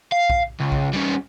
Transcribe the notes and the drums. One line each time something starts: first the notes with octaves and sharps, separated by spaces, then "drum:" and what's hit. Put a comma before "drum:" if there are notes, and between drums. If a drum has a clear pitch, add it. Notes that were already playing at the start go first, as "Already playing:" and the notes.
F5
drum: kick A#1
C#2
drum: kick A#1
G3 C#4